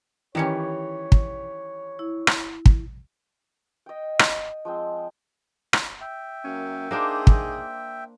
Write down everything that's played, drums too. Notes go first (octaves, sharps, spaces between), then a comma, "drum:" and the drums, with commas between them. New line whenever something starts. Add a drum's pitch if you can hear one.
D#3 E3 G3 C#4 G4 C#5 C#7
drum: kick
E4
drum: rim click
drum: kick
D#5 G5
drum: rim click
F3 G#3 C4
drum: rim click
E5 G5
F#2 A#3 C#4
A#3 D4 D#4 G#4 C5
drum: kick